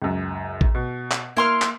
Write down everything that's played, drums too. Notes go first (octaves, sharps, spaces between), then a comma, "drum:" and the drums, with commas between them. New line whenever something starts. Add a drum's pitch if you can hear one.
C#2 F#2
drum: kick A1
B2
drum: clap
A#3 E4 C6 F6
drum: clap